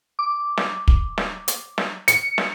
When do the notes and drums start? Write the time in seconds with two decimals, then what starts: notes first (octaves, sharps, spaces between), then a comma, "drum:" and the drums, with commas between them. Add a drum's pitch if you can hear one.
0.19 D6
0.58 drum: snare
0.88 drum: kick
1.18 drum: snare
1.48 drum: hi-hat
1.78 drum: snare
2.08 C#7, drum: hi-hat
2.38 drum: snare